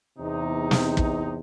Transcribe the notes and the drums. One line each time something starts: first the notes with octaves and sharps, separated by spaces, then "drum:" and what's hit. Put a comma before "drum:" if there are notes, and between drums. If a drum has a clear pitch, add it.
E2 C3 D#4
drum: snare
drum: kick